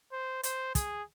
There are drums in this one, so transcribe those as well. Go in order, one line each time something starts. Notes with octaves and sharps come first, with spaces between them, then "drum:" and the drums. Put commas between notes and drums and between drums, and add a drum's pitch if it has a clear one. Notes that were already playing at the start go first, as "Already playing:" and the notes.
C5
C5, drum: hi-hat
G#4, drum: kick, hi-hat